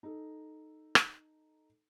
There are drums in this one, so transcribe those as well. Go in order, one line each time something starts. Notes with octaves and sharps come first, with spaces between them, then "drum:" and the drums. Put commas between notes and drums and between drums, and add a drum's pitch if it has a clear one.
D#4 A4
drum: rim click